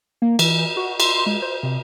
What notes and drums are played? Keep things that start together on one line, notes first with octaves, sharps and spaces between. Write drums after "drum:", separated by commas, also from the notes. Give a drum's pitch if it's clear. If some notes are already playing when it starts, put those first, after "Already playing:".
A#3
E3, drum: cymbal
F#4
C6, drum: cymbal
G#3
C5
C3